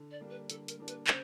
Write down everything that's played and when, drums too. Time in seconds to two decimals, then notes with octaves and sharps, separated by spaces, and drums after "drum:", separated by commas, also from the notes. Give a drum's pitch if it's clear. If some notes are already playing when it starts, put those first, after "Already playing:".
Already playing: D3
0.11 D5
0.21 G3 A#3 D4
0.30 B4
0.50 D3 A4, drum: hi-hat
0.68 A#4, drum: hi-hat
0.79 G3 A#3 D4
0.88 B4, drum: hi-hat
1.07 C#3 C5, drum: clap